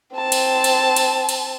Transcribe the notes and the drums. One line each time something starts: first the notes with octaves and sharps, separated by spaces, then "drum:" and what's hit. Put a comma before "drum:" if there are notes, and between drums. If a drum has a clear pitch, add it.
C4 A5
drum: cymbal
drum: cymbal
drum: cymbal
drum: cymbal